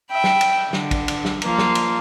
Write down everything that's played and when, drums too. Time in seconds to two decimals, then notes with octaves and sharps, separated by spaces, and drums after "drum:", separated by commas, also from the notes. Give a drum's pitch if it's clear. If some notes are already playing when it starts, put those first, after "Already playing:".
0.12 E5 G5 B5
0.24 drum: snare
0.41 drum: cymbal
0.73 D3, drum: snare
0.91 drum: kick, cymbal
1.08 drum: cymbal
1.25 drum: snare
1.42 F3 A#3 F4, drum: cymbal
1.58 drum: snare
1.75 drum: cymbal